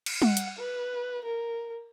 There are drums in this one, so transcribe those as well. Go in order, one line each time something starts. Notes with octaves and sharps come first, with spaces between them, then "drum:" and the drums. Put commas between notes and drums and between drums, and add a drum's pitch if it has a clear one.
drum: cymbal
F#5, drum: tom G3
drum: hi-hat
B4
A#4